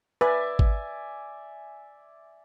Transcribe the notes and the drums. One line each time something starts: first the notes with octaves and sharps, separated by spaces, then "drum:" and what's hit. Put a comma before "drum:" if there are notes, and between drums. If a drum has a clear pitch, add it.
B4 D5 E5 G#5
drum: kick G#1